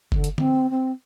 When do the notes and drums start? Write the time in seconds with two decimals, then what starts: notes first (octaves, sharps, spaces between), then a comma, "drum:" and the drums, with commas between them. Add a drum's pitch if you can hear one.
0.12 D3, drum: kick F#1
0.24 drum: hi-hat
0.38 C4, drum: tom D3
0.70 C4